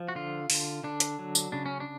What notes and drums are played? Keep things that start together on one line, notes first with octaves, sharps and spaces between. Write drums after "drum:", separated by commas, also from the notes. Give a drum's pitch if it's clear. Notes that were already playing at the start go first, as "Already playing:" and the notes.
Already playing: F3
F#4
D3 F4
D3, drum: open hi-hat
D3 D4
drum: hi-hat
F#3
drum: tambourine
C#3 D4
C#4
D4